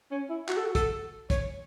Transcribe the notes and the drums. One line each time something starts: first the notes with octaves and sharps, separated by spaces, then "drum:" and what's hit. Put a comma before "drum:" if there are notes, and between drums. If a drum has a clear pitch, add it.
C#4
E4
F#4, drum: clap
A4
F#4
A4, drum: kick, hi-hat
C#5, drum: kick, hi-hat